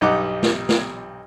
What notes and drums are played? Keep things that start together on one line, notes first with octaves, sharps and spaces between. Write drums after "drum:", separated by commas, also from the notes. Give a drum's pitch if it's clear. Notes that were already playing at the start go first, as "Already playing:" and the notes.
B1 G2 D#4 G4 F#5 D6
drum: snare
drum: snare